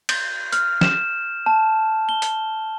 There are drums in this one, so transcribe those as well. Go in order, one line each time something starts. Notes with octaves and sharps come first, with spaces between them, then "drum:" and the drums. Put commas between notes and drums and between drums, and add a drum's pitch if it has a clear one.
G6, drum: cymbal
F6, drum: hi-hat
E7, drum: snare
A5
G7
drum: hi-hat